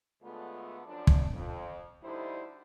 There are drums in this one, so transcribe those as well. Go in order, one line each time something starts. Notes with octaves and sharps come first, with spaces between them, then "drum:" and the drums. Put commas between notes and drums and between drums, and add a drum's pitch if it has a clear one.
D2 D3 G#3 A3 B3 F4
F#2 F3 D4
drum: kick
F2
D2 D3 G3 D#4 E4 C5